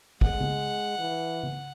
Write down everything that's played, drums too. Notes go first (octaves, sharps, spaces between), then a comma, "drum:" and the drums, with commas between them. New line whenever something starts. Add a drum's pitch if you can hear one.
G#3 F#5, drum: kick
drum: tom C#3
E3
drum: tom C#3